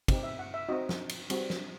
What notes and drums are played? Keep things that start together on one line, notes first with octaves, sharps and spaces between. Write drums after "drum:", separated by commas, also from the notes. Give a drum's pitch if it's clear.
C4 D#4 G4, drum: kick, cymbal
E5
F#5
E5
C4 D#4 F#4 D#5
drum: snare
drum: cymbal
G3 C4 F#4, drum: cymbal
drum: snare